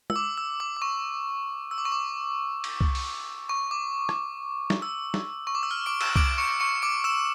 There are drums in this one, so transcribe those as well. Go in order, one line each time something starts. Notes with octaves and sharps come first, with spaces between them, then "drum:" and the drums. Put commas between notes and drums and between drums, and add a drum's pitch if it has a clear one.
E6, drum: tom
D6
E6
D6
D6
C#6
E6
D6
C#6
D6
drum: cymbal
drum: kick C2
drum: open hi-hat
C#6
D6
drum: rim click
drum: snare
E6
drum: snare
C#6
D6
E6
F6
D6 D7
E6 E7, drum: cymbal
D6 D7, drum: kick C2
C#6 C#7
C#6 C#7
D6 D7
E6 E7